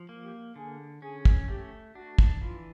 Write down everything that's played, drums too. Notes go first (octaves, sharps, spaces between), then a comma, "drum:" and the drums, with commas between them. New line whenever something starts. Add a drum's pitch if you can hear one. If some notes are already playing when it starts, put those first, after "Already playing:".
Already playing: F3
A#3
G4
D3 G#4
C#4 G#4
drum: kick
A3 G4
D4 F#4
drum: kick
E3 F4